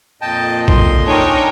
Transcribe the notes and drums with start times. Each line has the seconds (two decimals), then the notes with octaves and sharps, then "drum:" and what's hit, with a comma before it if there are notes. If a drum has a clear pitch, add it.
0.21 F2 A#2 D#5 G5 A5
0.68 C6, drum: kick
1.06 D4 D#4 A#4 C#5 G5 G#5